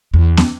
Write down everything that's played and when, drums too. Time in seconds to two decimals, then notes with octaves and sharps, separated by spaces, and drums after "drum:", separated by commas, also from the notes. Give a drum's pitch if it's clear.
0.14 E2
0.37 drum: snare